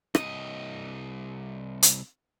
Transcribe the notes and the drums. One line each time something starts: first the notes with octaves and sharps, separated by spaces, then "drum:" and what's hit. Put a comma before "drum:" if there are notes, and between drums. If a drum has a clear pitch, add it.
C2 D#5, drum: rim click
drum: hi-hat